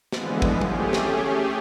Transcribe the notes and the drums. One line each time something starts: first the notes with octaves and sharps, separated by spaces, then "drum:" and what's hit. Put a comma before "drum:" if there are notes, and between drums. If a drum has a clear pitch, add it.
D3 E3 F3 G#3 B3, drum: snare
drum: kick
A3 C#4 G4 G#4, drum: tom
drum: snare